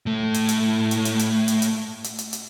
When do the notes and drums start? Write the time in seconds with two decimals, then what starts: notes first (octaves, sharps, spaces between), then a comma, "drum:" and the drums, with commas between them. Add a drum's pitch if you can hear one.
0.06 A2 A3
0.34 drum: hi-hat
0.49 drum: hi-hat
0.91 drum: hi-hat
1.05 drum: hi-hat
1.19 drum: hi-hat
1.48 drum: hi-hat
1.62 drum: hi-hat
2.04 drum: hi-hat
2.19 drum: hi-hat
2.33 drum: hi-hat